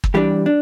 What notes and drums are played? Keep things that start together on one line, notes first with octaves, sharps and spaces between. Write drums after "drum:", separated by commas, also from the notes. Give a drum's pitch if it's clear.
drum: kick
E3 G3 D4 G4
D4